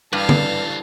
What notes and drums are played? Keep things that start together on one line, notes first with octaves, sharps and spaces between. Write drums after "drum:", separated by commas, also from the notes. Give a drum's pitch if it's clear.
G2 E3 G3 A4 F5
drum: tom D3